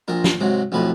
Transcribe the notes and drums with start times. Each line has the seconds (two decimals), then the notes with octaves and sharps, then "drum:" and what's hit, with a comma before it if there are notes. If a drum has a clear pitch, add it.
0.08 A#1 A#2 A#4
0.24 drum: snare
0.40 G#2 C3 F#3
0.72 B1 F2 A2 B4